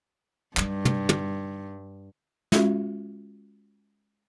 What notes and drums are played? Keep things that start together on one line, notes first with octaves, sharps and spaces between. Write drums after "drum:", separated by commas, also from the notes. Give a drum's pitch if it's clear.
G2 G3 D#4, drum: clap
drum: tom
drum: tom
G#3 C#4 F4 F#4 A4 E5, drum: snare